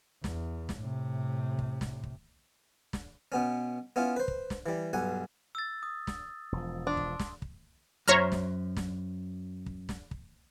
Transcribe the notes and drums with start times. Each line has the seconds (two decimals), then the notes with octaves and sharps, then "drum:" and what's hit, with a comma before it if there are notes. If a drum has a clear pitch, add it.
0.24 E2, drum: snare
0.69 drum: snare
0.81 A2 C3
1.59 drum: kick
1.81 drum: snare
2.03 drum: kick
2.93 drum: snare
3.32 B2 B3 C#4
3.96 B3 C#4 E4 F4
4.16 B4 C5
4.28 drum: kick
4.50 drum: snare
4.66 E3 G3
4.93 B1 G2 F#5 G#5
5.55 E6 A6
5.83 D#6
6.07 drum: snare
6.52 E1 F3
6.87 D4 C6
6.97 drum: kick
7.20 drum: snare
7.42 drum: kick
8.08 F#2 C5 C#5 E5 A#5 F6
8.32 drum: snare
8.77 drum: snare
9.66 drum: kick
9.89 drum: snare
10.11 drum: kick